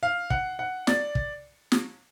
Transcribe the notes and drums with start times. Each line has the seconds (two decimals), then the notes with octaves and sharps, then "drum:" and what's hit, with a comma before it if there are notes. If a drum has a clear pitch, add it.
0.03 F5
0.30 F#5, drum: kick
0.59 F#5
0.87 D5, drum: snare
1.15 drum: kick
1.72 drum: snare